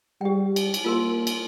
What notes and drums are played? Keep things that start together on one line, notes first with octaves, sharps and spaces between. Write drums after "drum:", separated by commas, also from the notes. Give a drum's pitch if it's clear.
G3 G4 G5
drum: cymbal
drum: cymbal
A#3 F4 A#4 C6
drum: cymbal